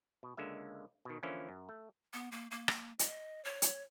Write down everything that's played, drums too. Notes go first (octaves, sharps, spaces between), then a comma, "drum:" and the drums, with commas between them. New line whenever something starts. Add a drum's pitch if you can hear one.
B2
C#2 D3 G#3 A#3 E5
B2 D#3
D3 E3 F3 A#3 C#4 E4
F#2
A3
B3
A#3
A#3
drum: rim click
D#5, drum: hi-hat
C#5
drum: hi-hat